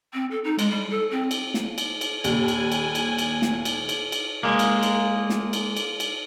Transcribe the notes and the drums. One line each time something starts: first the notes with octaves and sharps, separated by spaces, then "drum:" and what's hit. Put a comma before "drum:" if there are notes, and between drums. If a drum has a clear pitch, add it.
C4
A4
D#4
G#3, drum: cymbal
G3
A4
C4
drum: cymbal
drum: snare
drum: cymbal
drum: cymbal
D#2 A#2 G3 G#5, drum: cymbal
drum: cymbal
drum: cymbal
drum: cymbal
drum: cymbal
drum: snare
drum: cymbal
drum: cymbal
drum: cymbal
G#3 A#3
drum: cymbal
drum: cymbal
drum: snare
drum: cymbal
drum: cymbal
drum: cymbal